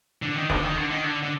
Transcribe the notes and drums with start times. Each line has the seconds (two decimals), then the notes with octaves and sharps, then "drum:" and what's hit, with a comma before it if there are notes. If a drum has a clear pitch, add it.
0.22 D3
0.36 D#3
0.50 D3, drum: snare
0.63 D#3
0.77 D3
0.91 D#3
1.04 D3
1.22 D3